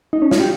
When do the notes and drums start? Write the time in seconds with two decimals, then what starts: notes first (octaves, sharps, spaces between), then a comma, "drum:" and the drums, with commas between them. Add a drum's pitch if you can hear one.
0.13 D#4
0.22 C#4
0.31 F4, drum: snare
0.40 G4